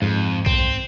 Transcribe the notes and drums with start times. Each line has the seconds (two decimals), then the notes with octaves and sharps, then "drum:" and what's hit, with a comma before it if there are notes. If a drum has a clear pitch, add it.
0.02 F2 G#2
0.46 C4, drum: kick B1